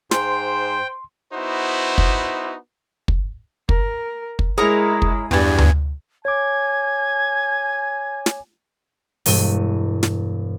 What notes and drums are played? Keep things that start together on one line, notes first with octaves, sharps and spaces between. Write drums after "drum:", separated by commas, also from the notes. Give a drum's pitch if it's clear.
G#2 C5 G5 C6, drum: snare
B3 D#4 E4 F#4 C5
drum: kick
drum: kick
A#4, drum: kick
drum: kick
G#3 E4 G#4 A#4 C#5 A#5 D#6
drum: kick
E2 G2 E3 G3 G#5
drum: tom D2
C#5 G#5 D6 G#6
drum: snare
E1 G2 D#7, drum: open hi-hat
drum: snare